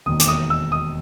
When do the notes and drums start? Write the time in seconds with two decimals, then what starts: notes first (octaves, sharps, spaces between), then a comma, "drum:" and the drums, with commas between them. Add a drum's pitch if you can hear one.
0.06 E1 D#2 D#3 D#6
0.20 D6, drum: hi-hat
0.28 D#6
0.50 E6
0.72 D#6